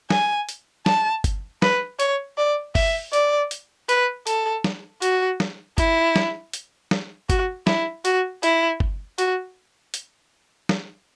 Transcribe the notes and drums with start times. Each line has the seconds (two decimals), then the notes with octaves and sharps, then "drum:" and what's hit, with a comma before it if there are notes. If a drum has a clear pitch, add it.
0.10 G#5, drum: snare
0.49 drum: hi-hat
0.86 A5, drum: snare
1.24 drum: kick G1, hi-hat
1.62 B4, drum: snare
2.00 C#5, drum: hi-hat
2.38 D5
2.75 E5, drum: kick G1, open hi-hat
3.13 D5, drum: hi-hat
3.51 drum: hi-hat
3.89 B4, drum: hi-hat
4.27 A4, drum: hi-hat
4.64 drum: snare
5.02 F#4, drum: hi-hat
5.40 drum: snare
5.78 E4, drum: kick G1, hi-hat
6.16 drum: snare
6.53 drum: hi-hat
6.91 drum: snare
7.30 F#4, drum: kick G1, hi-hat
7.67 E4, drum: snare
8.05 F#4, drum: hi-hat
8.43 E4, drum: hi-hat
8.80 drum: kick G1
9.18 F#4, drum: hi-hat
9.94 drum: hi-hat
10.69 drum: snare